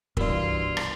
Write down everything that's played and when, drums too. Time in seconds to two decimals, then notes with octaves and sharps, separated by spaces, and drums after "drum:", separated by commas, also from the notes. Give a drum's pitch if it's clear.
0.17 C2 G2 B2 E3 F4 A#4 D5, drum: kick
0.77 drum: rim click